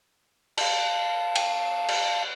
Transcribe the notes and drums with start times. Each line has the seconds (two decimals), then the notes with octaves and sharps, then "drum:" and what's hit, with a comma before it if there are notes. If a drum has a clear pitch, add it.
0.57 F5 A5, drum: cymbal
1.35 drum: cymbal
1.88 drum: cymbal